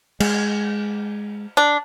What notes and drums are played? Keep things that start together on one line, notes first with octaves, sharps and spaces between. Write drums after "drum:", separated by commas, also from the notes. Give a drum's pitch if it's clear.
G#3, drum: cymbal
D4